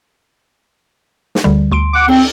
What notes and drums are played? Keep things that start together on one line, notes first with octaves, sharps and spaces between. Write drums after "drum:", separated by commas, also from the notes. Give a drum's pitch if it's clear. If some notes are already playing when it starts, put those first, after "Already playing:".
drum: snare
D2 D3 G3
D2 C6 D7
F#5 D6
C4, drum: cymbal